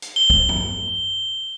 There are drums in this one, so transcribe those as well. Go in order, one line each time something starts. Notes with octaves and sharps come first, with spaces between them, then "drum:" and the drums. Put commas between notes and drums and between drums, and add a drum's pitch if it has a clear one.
drum: hi-hat
G7
drum: kick
drum: tom G2